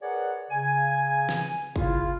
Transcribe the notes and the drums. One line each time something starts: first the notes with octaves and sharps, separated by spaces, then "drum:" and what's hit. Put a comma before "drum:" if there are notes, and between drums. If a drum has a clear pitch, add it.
G#4 A#4 B4 C#5 D5 F#5
C#3 G#5
drum: snare
C#3 E4 F4, drum: kick